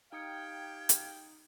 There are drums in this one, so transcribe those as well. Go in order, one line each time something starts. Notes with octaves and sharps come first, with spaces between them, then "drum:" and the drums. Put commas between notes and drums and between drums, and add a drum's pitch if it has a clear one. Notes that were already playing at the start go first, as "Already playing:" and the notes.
D#4 G4 F5 G5 D#6 G#6 C#7
drum: hi-hat